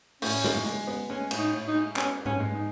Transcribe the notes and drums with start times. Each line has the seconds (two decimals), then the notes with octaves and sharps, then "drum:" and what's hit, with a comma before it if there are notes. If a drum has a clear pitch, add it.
0.22 A2 C#4, drum: open hi-hat
0.44 G#3, drum: snare
0.66 G#3
0.87 B3
1.10 G#3 C#4
1.31 A2, drum: cymbal
1.38 D#4
1.53 A2
1.68 D#4
1.75 G#3
1.96 B3 C#4, drum: clap
2.18 B3
2.25 C#4, drum: tom G#2
2.40 G#3
2.54 D#4